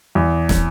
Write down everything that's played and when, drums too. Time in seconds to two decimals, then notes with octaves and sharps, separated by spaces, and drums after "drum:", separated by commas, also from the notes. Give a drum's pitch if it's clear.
0.15 E2
0.49 drum: snare